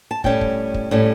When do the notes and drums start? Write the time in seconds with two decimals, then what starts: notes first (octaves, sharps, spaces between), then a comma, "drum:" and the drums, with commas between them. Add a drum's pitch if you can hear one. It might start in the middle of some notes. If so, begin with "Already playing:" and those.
0.11 A5
0.24 A2 G3 C#4 G5, drum: kick
0.41 drum: kick
0.74 drum: kick
0.91 A2 G3 C#4